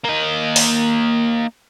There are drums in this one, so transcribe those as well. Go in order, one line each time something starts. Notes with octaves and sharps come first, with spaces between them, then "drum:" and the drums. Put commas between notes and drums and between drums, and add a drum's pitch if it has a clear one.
A#3 D#5
drum: open hi-hat